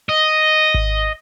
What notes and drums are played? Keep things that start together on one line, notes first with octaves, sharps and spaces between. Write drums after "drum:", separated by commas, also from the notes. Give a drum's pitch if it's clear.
D#5
drum: kick G#1